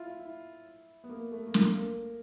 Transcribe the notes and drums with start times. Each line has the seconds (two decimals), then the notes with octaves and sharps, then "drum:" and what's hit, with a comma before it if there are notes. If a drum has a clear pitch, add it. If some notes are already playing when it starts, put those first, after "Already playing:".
Already playing: E4 F4
0.19 E4
1.04 B3
1.09 A#3
1.32 A3
1.47 A#3
1.54 A3, drum: snare
1.70 A#3